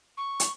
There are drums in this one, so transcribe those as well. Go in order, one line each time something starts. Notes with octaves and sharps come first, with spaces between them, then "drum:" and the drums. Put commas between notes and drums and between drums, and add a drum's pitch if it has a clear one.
C#6
drum: hi-hat